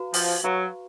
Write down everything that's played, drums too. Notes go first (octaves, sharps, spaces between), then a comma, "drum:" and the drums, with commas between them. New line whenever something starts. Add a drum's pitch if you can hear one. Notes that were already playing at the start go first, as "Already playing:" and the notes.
Already playing: F#4 B4 F5 A#5
F3, drum: open hi-hat
F#3 F#4 B4 F5 A#5 C#6